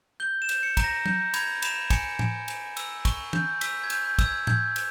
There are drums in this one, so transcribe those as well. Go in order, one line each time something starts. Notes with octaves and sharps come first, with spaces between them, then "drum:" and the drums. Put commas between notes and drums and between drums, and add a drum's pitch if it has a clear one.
G6 G7
E7
G6, drum: cymbal
C#7
A#5, drum: kick, cymbal
A#6
G6, drum: tom
B5 G#6, drum: cymbal
B5 E7, drum: cymbal
G#5 C#7, drum: kick, cymbal
G#5, drum: tom
G#5, drum: cymbal
E6, drum: cymbal
C#6, drum: kick, cymbal
G6, drum: tom
E6 B6, drum: cymbal
G#6
G6, drum: cymbal
G6
E6, drum: kick, cymbal
G#6
G6 G#6, drum: tom
drum: cymbal